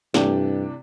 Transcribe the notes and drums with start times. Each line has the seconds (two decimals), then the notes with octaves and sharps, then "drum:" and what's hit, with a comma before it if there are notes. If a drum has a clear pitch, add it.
0.14 G2 C3 E3 A3 D4 G4, drum: snare